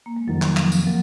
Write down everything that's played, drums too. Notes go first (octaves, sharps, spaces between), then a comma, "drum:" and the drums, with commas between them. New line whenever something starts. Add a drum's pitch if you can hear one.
A#3
G#3
F1 F2 D#3 F#3 A#3
drum: clap
F3, drum: clap
drum: tambourine
F#3 A#3